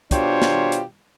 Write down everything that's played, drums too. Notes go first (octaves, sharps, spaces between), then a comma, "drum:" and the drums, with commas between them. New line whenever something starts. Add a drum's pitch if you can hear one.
B2 D4 F4 G4 C5 C#5, drum: kick, hi-hat
drum: snare
drum: hi-hat